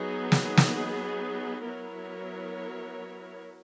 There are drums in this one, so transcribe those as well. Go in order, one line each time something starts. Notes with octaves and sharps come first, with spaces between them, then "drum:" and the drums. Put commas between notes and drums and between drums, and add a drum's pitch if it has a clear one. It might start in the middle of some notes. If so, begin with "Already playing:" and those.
Already playing: F#3 B3 D#4 G#4
drum: snare
drum: snare
F#3 B3 E4 A#4 C#5